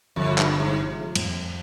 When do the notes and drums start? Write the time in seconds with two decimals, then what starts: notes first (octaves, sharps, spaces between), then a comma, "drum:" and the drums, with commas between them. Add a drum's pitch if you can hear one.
0.16 G1 F2
0.38 G2, drum: clap
0.50 C3
0.60 G#2
0.83 F3
1.15 F2, drum: cymbal